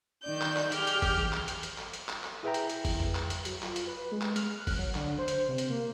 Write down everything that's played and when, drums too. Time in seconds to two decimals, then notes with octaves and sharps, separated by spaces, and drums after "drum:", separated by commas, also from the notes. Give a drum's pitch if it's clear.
0.23 D#3 D5 G6
0.42 drum: clap
0.57 drum: clap
0.72 G4 G#4 G5 F6, drum: hi-hat
0.87 drum: hi-hat
1.02 drum: kick, open hi-hat
1.18 drum: tom D#3
1.33 drum: clap
1.48 drum: hi-hat
1.63 drum: hi-hat
1.78 drum: clap
1.94 drum: hi-hat
2.09 drum: clap
2.24 drum: clap
2.43 E4 G#4 B4 E5 G5 A#5
2.54 drum: hi-hat
2.70 drum: hi-hat
2.85 drum: kick, open hi-hat
3.00 drum: tom F2
3.15 drum: clap
3.30 drum: hi-hat
3.45 F#3, drum: hi-hat
3.63 F4, drum: clap
3.76 drum: hi-hat
3.87 B4
4.12 G#3
4.22 drum: clap
4.36 F6, drum: hi-hat
4.58 F#6
4.67 drum: kick, open hi-hat
4.78 F#3
4.95 D3, drum: clap
5.18 C5
5.28 drum: hi-hat
5.49 C3
5.58 drum: hi-hat
5.70 A#3